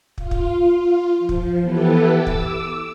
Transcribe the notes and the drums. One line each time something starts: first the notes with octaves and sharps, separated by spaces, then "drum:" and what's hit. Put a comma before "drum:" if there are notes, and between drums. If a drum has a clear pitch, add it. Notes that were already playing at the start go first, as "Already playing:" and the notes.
F4, drum: kick
drum: kick
F3
drum: kick
E3 B3 E4 G4 A4 B4
D6 E6
drum: kick